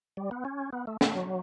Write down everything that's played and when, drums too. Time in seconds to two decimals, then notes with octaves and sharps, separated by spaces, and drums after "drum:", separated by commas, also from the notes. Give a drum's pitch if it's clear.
0.17 G3
0.31 B3
0.45 C#4
0.73 B3
0.87 A3
1.01 A3, drum: snare
1.15 F#3